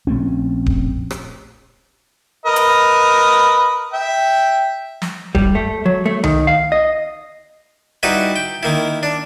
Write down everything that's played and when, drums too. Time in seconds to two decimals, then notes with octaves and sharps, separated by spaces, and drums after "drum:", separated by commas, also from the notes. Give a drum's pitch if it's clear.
0.07 A#1 A3 C4 C#4
0.66 drum: kick D1
1.11 drum: rim click
2.46 A#4 B4 D#5
2.56 drum: hi-hat
3.93 E5 G5
5.02 drum: snare
5.35 G3, drum: kick D1
5.55 A3
5.86 F#3
6.06 A3
6.24 D#3, drum: tom C2
6.47 F5
6.72 D#5
8.03 G3 D#4 E4 F#4 B4
8.36 G5
8.63 D#3 A#3 E4
9.03 D4